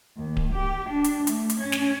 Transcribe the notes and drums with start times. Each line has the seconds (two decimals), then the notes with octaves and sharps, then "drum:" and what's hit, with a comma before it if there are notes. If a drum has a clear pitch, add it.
0.17 D#2
0.37 drum: kick D1
0.53 G4
0.89 D4
1.04 drum: hi-hat
1.27 A3, drum: hi-hat
1.50 drum: hi-hat
1.59 C#4
1.72 drum: snare